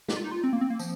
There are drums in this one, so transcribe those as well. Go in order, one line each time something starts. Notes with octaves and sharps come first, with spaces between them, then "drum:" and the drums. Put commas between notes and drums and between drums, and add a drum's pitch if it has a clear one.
G4, drum: snare
F4
D#4
F4
C4
A#3
C4
A#3
F3, drum: tambourine